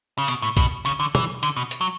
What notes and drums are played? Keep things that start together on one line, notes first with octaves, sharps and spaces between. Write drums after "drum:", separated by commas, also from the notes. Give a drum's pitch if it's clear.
C#3
B2, drum: hi-hat
A2
B2, drum: kick A#1, hi-hat
C#3, drum: hi-hat
D3
E3, drum: tom
D3, drum: hi-hat
B2
drum: hi-hat
F#3